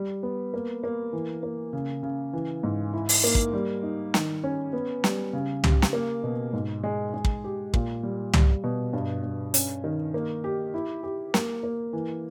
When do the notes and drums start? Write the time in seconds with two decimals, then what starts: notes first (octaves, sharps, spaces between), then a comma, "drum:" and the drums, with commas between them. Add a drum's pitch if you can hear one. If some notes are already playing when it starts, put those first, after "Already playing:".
Already playing: G3
0.23 B3
0.54 A#3
0.84 A#3
1.13 E3
1.43 A#3
1.73 C#3
2.03 C#3
2.33 E3
2.63 G#2
2.93 E4
3.09 drum: open hi-hat
3.24 A#3
3.35 drum: kick
3.53 G3
3.83 D#4
4.14 D#3, drum: snare
4.44 C#4
4.73 B3
5.04 G3, drum: snare
5.33 C#3
5.64 G4, drum: tom
5.82 drum: snare
5.93 A#3
6.23 B2
6.53 G#2
6.84 G#3
7.14 G#3
7.24 drum: kick
7.44 G4
7.74 A#2, drum: kick
8.03 G3
8.33 G3, drum: tom
8.64 B2
8.93 G2
9.23 G2
9.54 C#4, drum: hi-hat
9.84 D#3
10.14 A#3
10.44 G4
10.74 E4
11.03 G4
11.34 A#3, drum: snare
11.63 A#3
11.93 E3